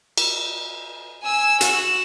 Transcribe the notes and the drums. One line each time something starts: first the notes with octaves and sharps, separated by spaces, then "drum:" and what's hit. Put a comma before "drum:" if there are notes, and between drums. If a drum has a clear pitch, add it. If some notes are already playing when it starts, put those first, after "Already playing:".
drum: cymbal
G#5 E6
F#4 E7, drum: hi-hat